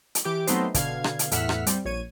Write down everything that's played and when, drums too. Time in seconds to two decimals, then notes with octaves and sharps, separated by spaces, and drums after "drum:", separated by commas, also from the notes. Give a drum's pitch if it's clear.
0.15 drum: hi-hat
0.25 E3 G4 D6
0.47 F#3 A3 B3 C4 D#4 C5, drum: hi-hat
0.74 B2 D3 F5 G#6, drum: kick, hi-hat
1.04 drum: rim click
1.19 drum: hi-hat
1.31 E2 A2 E5 F#5 F6 B6, drum: hi-hat
1.49 drum: rim click
1.67 G3 C4, drum: hi-hat
1.85 A#1 C#5 G#6 D#7